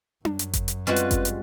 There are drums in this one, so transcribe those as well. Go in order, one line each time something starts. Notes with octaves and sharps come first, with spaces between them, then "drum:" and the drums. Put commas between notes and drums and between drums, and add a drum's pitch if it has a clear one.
F#2, drum: tom D4
drum: hi-hat
drum: kick G1, hi-hat
drum: hi-hat
G3 G#3 C4 C#4 F4 F#4 B4
drum: hi-hat
drum: kick G1, hi-hat
drum: hi-hat